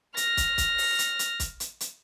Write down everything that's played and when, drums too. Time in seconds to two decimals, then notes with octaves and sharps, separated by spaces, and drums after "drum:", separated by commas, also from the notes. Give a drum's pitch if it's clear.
0.17 F6 A#6, drum: hi-hat
0.37 drum: kick, hi-hat
0.58 drum: kick, hi-hat
0.78 drum: open hi-hat
0.99 drum: hi-hat
1.19 drum: hi-hat
1.40 drum: kick, hi-hat
1.60 drum: hi-hat
1.80 drum: hi-hat